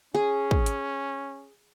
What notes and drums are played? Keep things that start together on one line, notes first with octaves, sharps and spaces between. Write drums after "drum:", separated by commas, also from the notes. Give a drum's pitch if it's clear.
C#4 G#4
drum: kick
drum: hi-hat